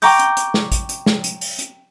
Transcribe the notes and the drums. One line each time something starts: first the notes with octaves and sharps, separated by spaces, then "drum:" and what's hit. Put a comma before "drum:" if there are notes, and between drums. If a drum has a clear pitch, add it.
G5 A#5 C#6 D6 G6, drum: open hi-hat
drum: hi-hat
drum: hi-hat
drum: snare
drum: kick, hi-hat
drum: hi-hat
drum: snare
drum: hi-hat
drum: open hi-hat
drum: hi-hat